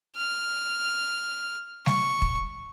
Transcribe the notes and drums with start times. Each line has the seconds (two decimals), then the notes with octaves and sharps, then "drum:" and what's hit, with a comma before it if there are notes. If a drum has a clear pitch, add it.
0.16 F6
1.86 C#6, drum: snare G3
2.22 drum: kick